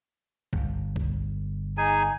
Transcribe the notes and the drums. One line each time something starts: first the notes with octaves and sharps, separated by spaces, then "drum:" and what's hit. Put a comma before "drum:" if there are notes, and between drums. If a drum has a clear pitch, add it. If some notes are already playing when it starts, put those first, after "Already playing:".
G1, drum: kick
drum: kick
D#4 G#4 G#5